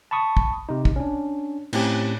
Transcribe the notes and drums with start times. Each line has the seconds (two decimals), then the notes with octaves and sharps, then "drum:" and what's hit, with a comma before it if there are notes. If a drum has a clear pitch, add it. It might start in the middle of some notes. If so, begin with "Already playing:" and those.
0.11 A5 B5 C#6 D#6
0.37 drum: kick
0.69 C3 D#4
0.85 drum: kick
0.96 C#4 D4
1.73 A2 C4 C#4 G4, drum: cymbal